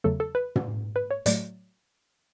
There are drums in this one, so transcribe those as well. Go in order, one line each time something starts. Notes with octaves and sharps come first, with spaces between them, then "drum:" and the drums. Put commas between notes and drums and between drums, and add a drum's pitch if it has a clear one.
E2 C#3 F#3 A3 A4
A4
B4
drum: tom
B4
C#5
A2 F#3 A3 D5, drum: hi-hat